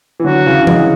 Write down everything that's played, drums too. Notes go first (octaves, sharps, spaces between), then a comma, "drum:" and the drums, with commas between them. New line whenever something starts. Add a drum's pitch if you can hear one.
E3
D3 F#3 F#4
C#3 E3
E3 G#3, drum: tom E3